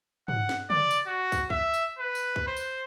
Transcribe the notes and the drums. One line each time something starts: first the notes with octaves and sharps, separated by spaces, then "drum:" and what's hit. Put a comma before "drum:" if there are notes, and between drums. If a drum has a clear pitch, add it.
F#5, drum: tom
drum: snare
D5, drum: tom
drum: tambourine
F#4
drum: kick, tambourine
E5, drum: kick
drum: tambourine
B4
drum: tambourine
drum: kick
C5
drum: tambourine